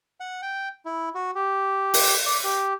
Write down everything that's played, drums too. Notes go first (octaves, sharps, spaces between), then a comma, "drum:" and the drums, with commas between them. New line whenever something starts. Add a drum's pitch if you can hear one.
F#5
G5
E4
F#4
G4
drum: open hi-hat
D5
G4